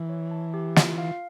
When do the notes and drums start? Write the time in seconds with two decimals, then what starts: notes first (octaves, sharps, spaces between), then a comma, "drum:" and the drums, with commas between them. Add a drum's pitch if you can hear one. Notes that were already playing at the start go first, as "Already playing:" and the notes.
Already playing: E3
0.09 C#5
0.31 A5
0.54 G4
0.76 F4, drum: snare
0.98 F5